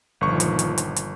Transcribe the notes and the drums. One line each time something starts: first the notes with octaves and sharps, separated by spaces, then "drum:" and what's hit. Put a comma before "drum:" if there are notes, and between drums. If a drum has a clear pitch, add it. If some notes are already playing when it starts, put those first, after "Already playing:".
G1 A#2 D#3 F3 C#6
drum: hi-hat
drum: hi-hat
drum: hi-hat
drum: hi-hat